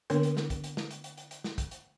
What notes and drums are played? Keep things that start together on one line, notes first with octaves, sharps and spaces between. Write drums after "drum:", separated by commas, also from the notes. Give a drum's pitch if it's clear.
D3 A#3 B3 D4 A#4 C#5, drum: hi-hat
drum: hi-hat
drum: snare
drum: kick, hi-hat
drum: hi-hat
drum: snare
drum: hi-hat
drum: hi-hat
drum: hi-hat
drum: hi-hat
drum: snare
drum: kick, hi-hat
drum: hi-hat